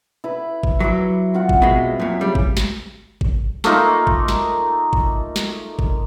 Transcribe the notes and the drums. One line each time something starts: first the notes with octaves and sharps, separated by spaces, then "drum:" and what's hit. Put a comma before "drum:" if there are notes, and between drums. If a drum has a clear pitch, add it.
E4 B4
drum: kick G1
F#3 E4 C6 D6
C4 F4 F#5
drum: kick G1
B2 G#3 E4
F#2 A#2
C#3 G3
drum: kick G1
drum: snare
drum: kick G1
A3 A#3 D#4 F4, drum: snare
drum: kick G1
drum: snare
drum: kick G1
drum: snare
drum: kick G1